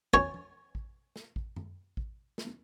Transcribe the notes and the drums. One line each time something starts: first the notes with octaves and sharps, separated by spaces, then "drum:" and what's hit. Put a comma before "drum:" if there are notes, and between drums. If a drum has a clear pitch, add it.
C#5 G#5, drum: kick A1
drum: tom
drum: kick A1
drum: snare
drum: kick A1
drum: tom F#2
drum: kick A1
drum: snare